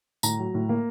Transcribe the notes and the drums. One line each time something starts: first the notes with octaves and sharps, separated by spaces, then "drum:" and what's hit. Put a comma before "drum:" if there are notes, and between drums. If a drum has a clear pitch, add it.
A2 A#5, drum: tambourine
F#3
A2
A#3